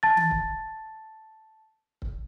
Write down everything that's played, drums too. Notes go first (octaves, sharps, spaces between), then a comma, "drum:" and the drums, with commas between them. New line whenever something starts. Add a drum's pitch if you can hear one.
A5 A6
drum: tom D#3
drum: kick C#1
drum: kick C#1